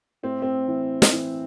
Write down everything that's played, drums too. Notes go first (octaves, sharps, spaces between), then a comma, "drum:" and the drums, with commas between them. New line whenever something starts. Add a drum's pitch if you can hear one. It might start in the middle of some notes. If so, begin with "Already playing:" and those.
A2 C4
C4
E3
drum: snare
E3